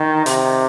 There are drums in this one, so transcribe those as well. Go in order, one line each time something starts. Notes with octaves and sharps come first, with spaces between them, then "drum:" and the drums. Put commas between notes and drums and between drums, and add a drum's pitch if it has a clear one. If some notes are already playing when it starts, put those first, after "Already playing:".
Already playing: D#3
C3, drum: hi-hat